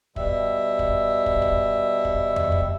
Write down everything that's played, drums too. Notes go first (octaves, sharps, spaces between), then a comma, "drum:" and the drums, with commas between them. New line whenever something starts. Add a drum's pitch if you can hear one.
B2 G3 E5, drum: kick
drum: kick
drum: kick
drum: kick
drum: kick
drum: tom F2
drum: kick